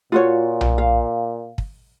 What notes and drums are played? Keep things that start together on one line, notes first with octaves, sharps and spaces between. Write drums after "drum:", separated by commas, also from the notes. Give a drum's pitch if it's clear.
A#2 F4 F#4 C#5
drum: tom B1
F5
drum: kick